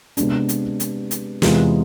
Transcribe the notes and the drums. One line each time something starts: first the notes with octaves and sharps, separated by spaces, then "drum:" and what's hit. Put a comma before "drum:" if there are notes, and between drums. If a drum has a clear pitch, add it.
C3 G#3 B3 D4, drum: hi-hat
drum: hi-hat
drum: hi-hat
drum: hi-hat
E2 C3 G#3 B3 F4, drum: snare